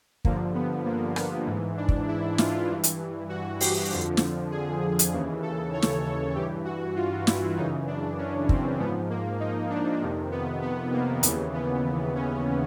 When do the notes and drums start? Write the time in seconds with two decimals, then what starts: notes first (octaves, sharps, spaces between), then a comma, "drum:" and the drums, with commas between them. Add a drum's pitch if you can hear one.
0.25 G2 D3 F3 A#3, drum: kick
0.55 B3
0.85 A#3
1.16 B3, drum: rim click
1.46 G#2 E3
1.77 D4
1.88 drum: kick
2.08 E4
2.38 F4, drum: snare
2.69 G2 E3
2.84 drum: hi-hat
3.29 F#4
3.61 G4, drum: open hi-hat
3.90 F2 D3 F3
4.17 drum: snare
4.51 G#4
4.99 drum: hi-hat
5.13 D#2 C#3 E3
5.43 A4
5.73 C#5
5.82 drum: snare
6.04 A4
6.35 G2 E3 G4
6.65 F#4
6.96 F4
7.27 E4, drum: snare
7.57 F#2 C#3 E3 D#4
7.87 D4
8.18 C#4
8.49 C4, drum: kick
8.79 G#2 F3 B3
9.10 A#3
9.40 D#4
9.70 D4
10.01 F2 C3 D#3
10.32 B3
10.62 B3
10.93 A#3
11.23 D#2 C#3 E3 B3, drum: hi-hat
11.54 B3
12.15 C#4